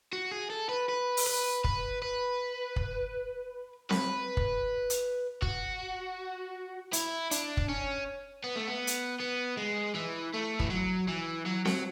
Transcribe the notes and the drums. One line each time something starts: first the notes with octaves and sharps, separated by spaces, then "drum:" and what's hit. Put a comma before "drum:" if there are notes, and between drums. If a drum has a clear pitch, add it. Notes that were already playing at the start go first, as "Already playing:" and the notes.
F#4
G#4
A4
B4
B4
drum: open hi-hat
B4
B4, drum: kick
B4
drum: kick
B4, drum: snare C4
drum: kick
drum: hi-hat
F#4, drum: kick
E4, drum: hi-hat
D4, drum: hi-hat
drum: kick
C#4
B3
A3
B3
drum: hi-hat
B3
G#3
E3
A3
E3, drum: kick
F#3
E3
F#3
F#3, drum: snare C4